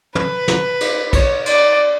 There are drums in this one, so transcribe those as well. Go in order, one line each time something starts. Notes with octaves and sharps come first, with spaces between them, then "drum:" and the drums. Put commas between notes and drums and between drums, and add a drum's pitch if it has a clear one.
B4, drum: tom
drum: snare
drum: cymbal
C#5, drum: kick, cymbal
D5, drum: cymbal